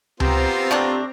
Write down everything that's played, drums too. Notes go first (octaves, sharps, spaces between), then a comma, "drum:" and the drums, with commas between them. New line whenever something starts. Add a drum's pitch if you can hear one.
B3 C4 F4 G4 C5 A#5, drum: tom C#2
C3 A3 D4